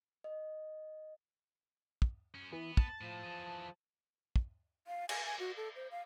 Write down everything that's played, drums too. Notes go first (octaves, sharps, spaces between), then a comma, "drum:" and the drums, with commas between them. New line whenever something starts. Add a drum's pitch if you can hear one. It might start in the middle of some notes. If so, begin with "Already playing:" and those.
D#5
drum: kick
F#2 C#4
E3 B3
A5, drum: kick
A2 F3
E3 G#4
drum: kick
F5
G#5, drum: cymbal
G#5
F#4
A4
C5
F5